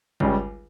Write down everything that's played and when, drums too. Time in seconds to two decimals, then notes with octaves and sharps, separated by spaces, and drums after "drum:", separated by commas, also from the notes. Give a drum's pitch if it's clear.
0.20 C#2 C#3 G3, drum: kick